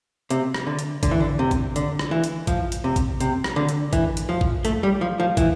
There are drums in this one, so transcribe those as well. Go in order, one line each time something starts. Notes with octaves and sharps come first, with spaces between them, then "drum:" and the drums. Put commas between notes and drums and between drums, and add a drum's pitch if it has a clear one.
C3, drum: hi-hat
drum: rim click
D3
drum: hi-hat
D3, drum: kick, hi-hat
E3
D3
C3
drum: kick, hi-hat
D3, drum: hi-hat
drum: rim click
E3
drum: hi-hat
F3, drum: kick, hi-hat
drum: hi-hat
C3
drum: kick, hi-hat
C3, drum: hi-hat
drum: rim click
D3
drum: hi-hat
E3, drum: kick, hi-hat
drum: hi-hat
F3
drum: kick
A3, drum: hi-hat
G3
F3
F3
E3, drum: kick, hi-hat